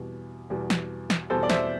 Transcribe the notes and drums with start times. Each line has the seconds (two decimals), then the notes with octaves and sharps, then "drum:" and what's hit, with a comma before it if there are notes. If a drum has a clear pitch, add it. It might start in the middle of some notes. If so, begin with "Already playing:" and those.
Already playing: E2 B2 G3
0.50 E2 B2 G3
0.70 drum: snare
1.10 drum: snare
1.30 E2 B2 G3 A4 C5
1.43 D5
1.50 C5 E5, drum: snare